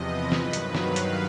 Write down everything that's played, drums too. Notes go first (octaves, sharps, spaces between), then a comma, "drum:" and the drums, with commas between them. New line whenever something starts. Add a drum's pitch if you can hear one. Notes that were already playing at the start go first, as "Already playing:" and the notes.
Already playing: E2 C3 F3 B4 D#5
G2 D#3 F#3 B4, drum: snare
drum: hi-hat
F5, drum: snare
drum: hi-hat